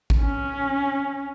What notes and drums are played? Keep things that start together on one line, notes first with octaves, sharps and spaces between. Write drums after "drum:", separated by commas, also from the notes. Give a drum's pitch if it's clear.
drum: kick G#1
C#4